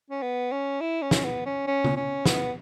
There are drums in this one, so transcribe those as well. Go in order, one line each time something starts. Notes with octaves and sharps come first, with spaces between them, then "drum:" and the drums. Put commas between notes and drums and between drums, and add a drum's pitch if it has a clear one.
C#4
B3
C#4
E4
C#4
drum: snare
B3
C#4
C#4
drum: tom C#3
C#4
B3, drum: snare